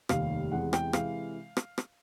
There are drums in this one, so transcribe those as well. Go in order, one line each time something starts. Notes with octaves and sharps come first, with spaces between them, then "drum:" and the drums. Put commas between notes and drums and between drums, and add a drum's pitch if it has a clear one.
F1 D#2 D#3 G3 F5, drum: rim click
E2 C3 E3 G#3 F#5
G5, drum: rim click
C3 E3 G#3 F5, drum: rim click
drum: rim click
drum: rim click